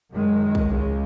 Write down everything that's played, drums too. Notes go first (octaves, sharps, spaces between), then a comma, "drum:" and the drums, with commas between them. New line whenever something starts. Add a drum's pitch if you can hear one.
F#2 D#3 G#3
drum: kick
C#2 C#3 G#3